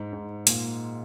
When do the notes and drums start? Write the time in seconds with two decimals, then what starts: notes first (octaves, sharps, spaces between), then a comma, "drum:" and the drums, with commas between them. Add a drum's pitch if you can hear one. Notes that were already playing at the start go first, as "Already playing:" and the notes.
Already playing: G#2
0.13 G#2
0.47 A#2, drum: hi-hat